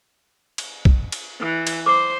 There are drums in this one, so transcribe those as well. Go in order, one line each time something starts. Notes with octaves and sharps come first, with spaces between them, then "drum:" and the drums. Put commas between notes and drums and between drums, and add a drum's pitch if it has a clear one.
drum: cymbal
drum: kick
drum: cymbal
E3
drum: cymbal
C5 D6